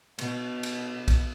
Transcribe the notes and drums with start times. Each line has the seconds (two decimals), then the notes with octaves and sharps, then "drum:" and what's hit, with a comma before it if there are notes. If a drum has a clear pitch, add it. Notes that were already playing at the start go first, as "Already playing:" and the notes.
0.19 B2, drum: cymbal
0.63 drum: cymbal
1.08 drum: kick A#1, cymbal